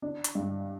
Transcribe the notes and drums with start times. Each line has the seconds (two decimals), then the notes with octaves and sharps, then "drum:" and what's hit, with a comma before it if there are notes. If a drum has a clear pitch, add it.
0.02 D4
0.24 drum: hi-hat
0.35 G2